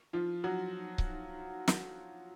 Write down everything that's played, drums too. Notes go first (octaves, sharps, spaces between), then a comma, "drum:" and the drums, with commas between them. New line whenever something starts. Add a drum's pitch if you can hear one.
F3 F4
F#3 F#4
drum: kick C#1
drum: snare